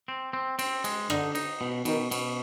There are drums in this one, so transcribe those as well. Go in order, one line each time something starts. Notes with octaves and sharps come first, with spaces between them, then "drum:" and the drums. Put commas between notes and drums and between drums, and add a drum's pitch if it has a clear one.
C4
C4
C4, drum: cymbal
G#3, drum: cymbal
D3 D#4, drum: rim click
D#4, drum: cymbal
B2
B2 D#3, drum: cymbal
B2, drum: cymbal